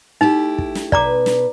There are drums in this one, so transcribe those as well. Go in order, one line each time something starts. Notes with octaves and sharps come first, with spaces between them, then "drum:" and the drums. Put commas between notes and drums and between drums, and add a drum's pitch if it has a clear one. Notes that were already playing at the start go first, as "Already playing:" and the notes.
A3 D#4 E4 G4
drum: kick
drum: snare
B2 B4 D5 A#5 D6, drum: kick
drum: snare